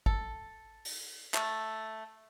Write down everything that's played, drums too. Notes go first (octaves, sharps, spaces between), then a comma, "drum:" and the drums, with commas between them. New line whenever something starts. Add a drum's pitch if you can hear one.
A4, drum: kick
drum: open hi-hat
A3, drum: clap